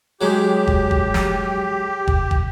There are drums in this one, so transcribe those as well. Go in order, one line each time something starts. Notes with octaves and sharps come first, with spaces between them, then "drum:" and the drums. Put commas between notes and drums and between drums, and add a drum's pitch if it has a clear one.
F#3 G#3 G4
drum: kick
drum: kick
drum: snare
drum: kick
drum: kick